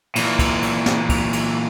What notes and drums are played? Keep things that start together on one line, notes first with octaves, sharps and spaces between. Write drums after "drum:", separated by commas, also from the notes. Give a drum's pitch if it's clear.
A#2 E3, drum: cymbal
drum: kick, cymbal
drum: cymbal
drum: snare
drum: kick, cymbal
drum: cymbal